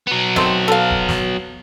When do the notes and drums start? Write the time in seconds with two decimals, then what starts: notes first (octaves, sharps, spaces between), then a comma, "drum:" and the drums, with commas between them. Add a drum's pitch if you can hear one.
0.07 F#3 B3
0.36 D#3 A3 C4, drum: snare
0.68 A4 F5
0.91 drum: kick D#1
1.09 drum: snare